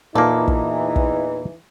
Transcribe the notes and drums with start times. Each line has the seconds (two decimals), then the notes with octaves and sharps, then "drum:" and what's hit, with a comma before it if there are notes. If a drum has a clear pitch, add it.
0.15 E2 A#2 E3 A#3 D#4 A4
0.48 drum: kick
0.96 drum: kick